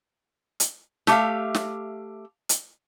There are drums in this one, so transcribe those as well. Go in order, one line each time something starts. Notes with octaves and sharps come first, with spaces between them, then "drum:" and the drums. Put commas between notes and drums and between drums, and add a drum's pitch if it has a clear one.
drum: hi-hat
A3 G4 E5 F5, drum: snare
drum: snare
drum: hi-hat